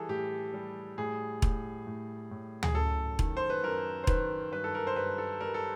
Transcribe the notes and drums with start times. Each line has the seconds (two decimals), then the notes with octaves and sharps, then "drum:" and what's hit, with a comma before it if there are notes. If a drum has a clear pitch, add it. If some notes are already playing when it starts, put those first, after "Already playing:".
Already playing: E3 G3 G#4 A4
0.09 A2 G4
0.54 G3
0.98 A2 G#4
1.42 A2, drum: kick E1
1.87 A2
2.31 A2
2.63 G#4, drum: tom D2
2.74 F#2 A4
3.19 D#3, drum: kick E1
3.37 C5
3.50 B4
3.63 F#2 A#4
4.04 C5
4.07 D#3 B4, drum: kick E1
4.52 G2 B4
4.64 A4
4.74 A#4
4.87 C5
4.96 G2 B4
5.18 A4
5.40 G3 A#4
5.54 A4